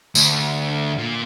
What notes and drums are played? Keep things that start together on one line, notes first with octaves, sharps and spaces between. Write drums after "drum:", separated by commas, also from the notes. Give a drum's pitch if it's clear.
D2, drum: tambourine
A#2